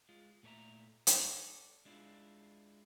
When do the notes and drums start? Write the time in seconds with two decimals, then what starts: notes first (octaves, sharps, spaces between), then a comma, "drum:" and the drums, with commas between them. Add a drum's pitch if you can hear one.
0.09 G#3 F4
0.43 A#2 A3 A4 C#5 E5 A#5
1.07 A4 D5, drum: hi-hat
1.85 G#3 D4 E4 F4